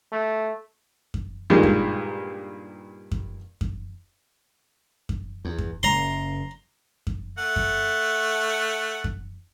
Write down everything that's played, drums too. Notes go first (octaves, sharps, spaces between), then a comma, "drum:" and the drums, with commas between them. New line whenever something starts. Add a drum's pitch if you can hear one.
A3
drum: kick F#2
G2 A#2 D#3 G#3
drum: kick F#2
drum: kick F#2
drum: kick F#2
drum: kick F#2
E2
drum: kick F#2
F#1 A#5 C6
drum: kick F#2
A3 F#5
drum: kick F#2
drum: kick F#2